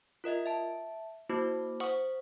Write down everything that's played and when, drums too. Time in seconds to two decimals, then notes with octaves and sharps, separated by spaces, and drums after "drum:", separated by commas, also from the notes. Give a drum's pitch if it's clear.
0.24 F4 A#4 D#5 E5
0.46 E5 A5
1.29 A#3 E4 F#4 C5 D6
1.80 C5 F#5 C#6 D#6, drum: open hi-hat